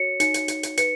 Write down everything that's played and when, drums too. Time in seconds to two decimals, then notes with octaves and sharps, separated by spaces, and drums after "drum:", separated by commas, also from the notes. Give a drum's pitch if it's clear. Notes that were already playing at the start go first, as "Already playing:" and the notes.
Already playing: F#4 C#5 C#7
0.20 D#4 C#7, drum: hi-hat
0.34 drum: hi-hat
0.48 D#4, drum: hi-hat
0.63 drum: hi-hat
0.77 B4 C#7, drum: hi-hat